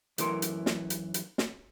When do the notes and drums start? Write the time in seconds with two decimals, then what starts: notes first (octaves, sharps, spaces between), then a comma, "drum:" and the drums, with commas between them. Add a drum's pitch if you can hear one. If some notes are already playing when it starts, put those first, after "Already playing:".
0.18 F#2 E3 A3 A#4 C6, drum: hi-hat
0.42 drum: hi-hat
0.66 drum: snare
0.90 drum: hi-hat
1.14 drum: hi-hat
1.38 drum: snare